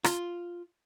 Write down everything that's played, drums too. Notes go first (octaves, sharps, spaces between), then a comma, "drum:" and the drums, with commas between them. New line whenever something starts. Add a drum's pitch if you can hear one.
F4, drum: rim click